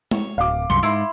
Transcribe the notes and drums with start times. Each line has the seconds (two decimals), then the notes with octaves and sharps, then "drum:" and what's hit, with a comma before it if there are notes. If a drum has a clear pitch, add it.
0.11 C#5, drum: tom G#3
0.38 D1 F5 D6
0.70 C2 F#2 C6 C#6
0.83 G#2 E4 B5 C6